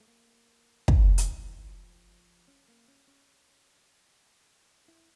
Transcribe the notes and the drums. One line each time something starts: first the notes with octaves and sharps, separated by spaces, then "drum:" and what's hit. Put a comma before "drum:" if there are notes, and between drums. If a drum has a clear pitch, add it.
A3
A#3
D3, drum: kick
drum: hi-hat
E3
F3
C#4
A#3
C#4
C#4
E4